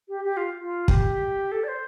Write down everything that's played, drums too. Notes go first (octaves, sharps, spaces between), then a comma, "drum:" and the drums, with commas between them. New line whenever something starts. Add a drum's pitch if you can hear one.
G4
G4
F4
F4
G4, drum: kick
A4
D5
C5